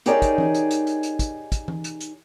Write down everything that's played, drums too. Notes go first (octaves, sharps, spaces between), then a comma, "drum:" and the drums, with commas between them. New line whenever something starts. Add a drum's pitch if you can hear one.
D#4 G4 G#4 A#4 C#5 D5, drum: hi-hat
drum: kick, hi-hat
drum: tom E3
drum: hi-hat
drum: hi-hat
drum: hi-hat
drum: hi-hat
drum: kick, hi-hat
drum: kick, hi-hat
drum: tom E3
drum: hi-hat
drum: hi-hat